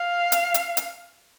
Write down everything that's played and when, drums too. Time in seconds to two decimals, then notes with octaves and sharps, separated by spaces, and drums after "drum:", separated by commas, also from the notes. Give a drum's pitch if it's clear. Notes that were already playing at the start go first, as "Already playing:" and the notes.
Already playing: F5
0.32 drum: hi-hat
0.54 drum: hi-hat
0.77 drum: hi-hat